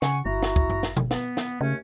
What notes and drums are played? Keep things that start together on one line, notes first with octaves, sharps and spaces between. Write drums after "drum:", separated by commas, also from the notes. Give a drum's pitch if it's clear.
C#3 F#5 G#5 C#6, drum: snare
G1 E4 F#4 A#5
drum: snare
drum: kick
drum: tom F#2
drum: snare
drum: tom B2
B3, drum: snare
drum: snare
D#2 C#3 A3 C#4